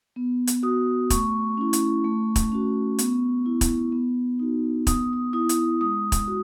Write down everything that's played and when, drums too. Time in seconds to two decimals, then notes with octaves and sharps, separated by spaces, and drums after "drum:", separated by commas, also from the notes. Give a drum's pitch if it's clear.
0.16 B3
0.47 drum: hi-hat
0.63 F#4 D#6
1.10 A3 C#6, drum: kick, hi-hat
1.57 C#4 E4
1.73 drum: hi-hat
2.04 A3
2.36 drum: kick, hi-hat
2.52 C#4 F#4
2.99 B3, drum: hi-hat
3.46 E4
3.61 drum: kick, hi-hat
3.92 B3
4.39 D#4 F#4
4.87 B3 D#6, drum: kick, hi-hat
5.13 D#6
5.33 E4 D#6
5.49 drum: hi-hat
5.81 G#3 D#6
6.12 drum: kick, hi-hat
6.28 F#4